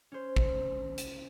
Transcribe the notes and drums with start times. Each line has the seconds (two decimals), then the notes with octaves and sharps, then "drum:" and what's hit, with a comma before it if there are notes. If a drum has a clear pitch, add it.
0.12 C#4 C5
0.36 drum: kick
0.98 drum: hi-hat